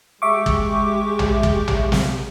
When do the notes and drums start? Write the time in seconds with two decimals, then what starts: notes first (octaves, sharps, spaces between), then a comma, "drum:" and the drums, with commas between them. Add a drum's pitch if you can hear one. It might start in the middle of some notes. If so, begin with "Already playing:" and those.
0.22 G#3 G4 E5 C#6 D6
0.46 drum: kick
1.19 drum: tom A#1
1.43 drum: kick
1.68 drum: tom A#1
1.92 drum: snare